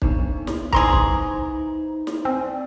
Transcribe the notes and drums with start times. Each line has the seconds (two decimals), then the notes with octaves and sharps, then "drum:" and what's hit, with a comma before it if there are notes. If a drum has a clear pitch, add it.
0.02 B3 D4 D#4, drum: kick
0.47 drum: snare
0.73 E3 D#4 G#4 C5 A#5 C6 G#6, drum: kick
0.93 drum: kick
2.07 drum: snare
2.25 C4 G#5
2.43 D5